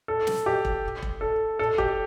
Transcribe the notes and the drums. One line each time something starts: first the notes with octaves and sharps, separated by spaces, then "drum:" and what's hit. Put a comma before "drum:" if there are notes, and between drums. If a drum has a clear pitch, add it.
A4
drum: snare
G4
drum: kick E1
drum: kick E1
A4
A4
G4, drum: kick E1